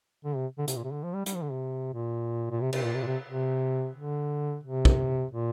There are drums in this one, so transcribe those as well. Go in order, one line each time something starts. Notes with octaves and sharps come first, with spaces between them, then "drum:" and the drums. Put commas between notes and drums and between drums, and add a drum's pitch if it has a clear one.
D3
C3
D3
C3, drum: hi-hat
A#2
C3
D3
F3
G3
G3, drum: hi-hat
F3
D3
C3
A#2
A#2
C3
C3, drum: cymbal
A#2
C3
A#2
C3
C3
D3
C3
drum: kick
A#2